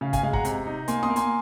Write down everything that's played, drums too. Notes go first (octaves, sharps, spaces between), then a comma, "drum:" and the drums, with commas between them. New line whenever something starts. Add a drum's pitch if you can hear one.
C#3 F5
F5 G#5, drum: kick, hi-hat
G#3 F5 G#5
F#5 A#5, drum: kick
C3, drum: hi-hat
D#4
A#3 G#5 C6, drum: hi-hat
C6 D#6, drum: snare
A#3
G#5 C6, drum: hi-hat